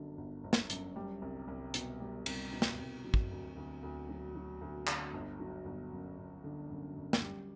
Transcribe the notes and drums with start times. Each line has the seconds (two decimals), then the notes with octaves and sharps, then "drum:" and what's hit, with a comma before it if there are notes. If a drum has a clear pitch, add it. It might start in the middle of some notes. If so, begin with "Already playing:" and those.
Already playing: G1 F#2 D3 F#3
0.17 G1
0.44 G1
0.53 drum: snare
0.70 F#2, drum: hi-hat
0.96 G3
1.22 C2
1.48 C2
1.74 B2, drum: hi-hat
2.00 G3
2.26 C2, drum: cymbal
2.53 B2
2.62 drum: snare
2.79 C2
3.04 F#3
3.14 drum: kick
3.31 D2
3.57 D2
3.83 D2
4.09 F#3
4.35 F#3
4.61 D2
4.87 D3, drum: clap
5.13 G1
5.40 F#3
5.65 G1
5.92 F#2
6.18 F#2
6.44 D3
6.70 F#2
6.96 F#2
7.13 drum: snare
7.22 G3